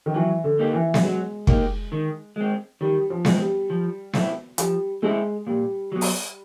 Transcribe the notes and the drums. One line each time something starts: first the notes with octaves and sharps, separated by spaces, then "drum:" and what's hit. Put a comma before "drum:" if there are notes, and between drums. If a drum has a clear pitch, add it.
D#3
E3 F#3
D3
A#3 D#4 G4
E3
drum: snare B3
F#3 G#3
A#3 D#4 G4, drum: kick
D#3
G#3 C4
D#3 G3
F3
G#3 C4, drum: snare B3
G3
F3
A3 C4 E4 A4, drum: snare B3
F3 G3, drum: hi-hat
G#3 A3 C4 E4 A4
A#2 G3
F#3 B3
drum: open hi-hat